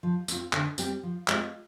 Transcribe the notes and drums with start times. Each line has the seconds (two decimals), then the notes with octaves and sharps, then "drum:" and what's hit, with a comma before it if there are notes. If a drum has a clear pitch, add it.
0.03 F3
0.28 C4 F4, drum: tambourine
0.53 D3, drum: clap
0.78 G3 C4 G4, drum: tambourine
1.03 F3
1.28 G#3 C4 F4, drum: clap